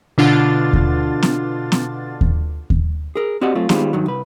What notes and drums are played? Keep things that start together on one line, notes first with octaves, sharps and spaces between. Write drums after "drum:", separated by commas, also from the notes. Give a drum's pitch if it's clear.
B2 D3 D4 F4 A6
drum: kick D#2
drum: snare
drum: snare
drum: kick D#2
drum: kick D#2
G#4 A#4
C4 F#4 G4 D5 D#5 F#5
F#3 A3 C4 F4
D#3 G3 G#3 B3 F4 C5, drum: snare
G2 D#3 F#3
C2 B4